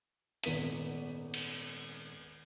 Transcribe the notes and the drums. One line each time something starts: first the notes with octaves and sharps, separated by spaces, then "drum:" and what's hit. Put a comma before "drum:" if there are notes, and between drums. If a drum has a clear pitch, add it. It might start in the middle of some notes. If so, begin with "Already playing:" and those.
D#1 G#1 B3 B6 D#7, drum: hi-hat
drum: cymbal